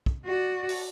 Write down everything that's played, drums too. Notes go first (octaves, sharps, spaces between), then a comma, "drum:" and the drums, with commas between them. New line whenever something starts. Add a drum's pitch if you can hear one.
drum: kick
F#4 D5
drum: open hi-hat